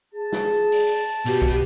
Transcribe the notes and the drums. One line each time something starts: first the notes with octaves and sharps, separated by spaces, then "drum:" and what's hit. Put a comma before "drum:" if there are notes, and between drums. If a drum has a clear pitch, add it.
G#4 A5
drum: snare
drum: open hi-hat
B2 B3 F#4 G4, drum: hi-hat
drum: kick